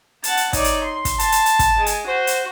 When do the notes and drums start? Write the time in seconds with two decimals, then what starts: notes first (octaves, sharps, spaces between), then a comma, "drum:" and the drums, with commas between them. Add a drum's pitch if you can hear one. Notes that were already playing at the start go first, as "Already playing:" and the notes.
0.24 F#5 A5 A6, drum: hi-hat
0.37 drum: hi-hat
0.53 D#4 C#5 D5, drum: kick, hi-hat
0.64 drum: hi-hat
0.85 C6
1.05 drum: kick, hi-hat
1.19 A5, drum: hi-hat
1.32 drum: hi-hat
1.46 drum: hi-hat
1.59 drum: kick, hi-hat
1.76 G#3 G#5
1.86 drum: hi-hat
2.08 F#4 C5
2.27 drum: hi-hat